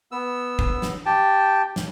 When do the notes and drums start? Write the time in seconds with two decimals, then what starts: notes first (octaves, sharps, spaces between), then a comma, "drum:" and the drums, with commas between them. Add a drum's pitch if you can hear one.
0.12 B3 E6
0.59 drum: kick
0.82 drum: snare
1.06 G4 G5 A5
1.76 drum: snare